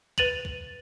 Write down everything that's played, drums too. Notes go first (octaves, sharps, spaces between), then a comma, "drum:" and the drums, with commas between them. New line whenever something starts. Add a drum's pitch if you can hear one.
B4 A6 D#7 F7 F#7, drum: kick
drum: kick